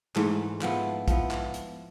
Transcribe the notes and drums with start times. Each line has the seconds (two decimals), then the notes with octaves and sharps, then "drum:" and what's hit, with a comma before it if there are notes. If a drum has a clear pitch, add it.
0.16 G#2 E3 A3, drum: clap
0.62 F3 B3 E4, drum: clap
1.08 F3 B3 E4, drum: kick, hi-hat
1.31 drum: clap
1.54 drum: hi-hat